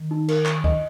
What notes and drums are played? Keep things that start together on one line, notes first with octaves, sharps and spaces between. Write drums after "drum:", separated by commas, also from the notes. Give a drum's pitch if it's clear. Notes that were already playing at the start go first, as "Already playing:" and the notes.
Already playing: D#3
D#4
A#4, drum: cymbal
C#6, drum: clap
D#5, drum: kick